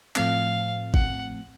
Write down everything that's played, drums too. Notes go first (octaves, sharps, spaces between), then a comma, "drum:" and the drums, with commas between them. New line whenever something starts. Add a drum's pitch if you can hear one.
A2 F3 A3 C4 F5, drum: clap
F#5, drum: kick G#1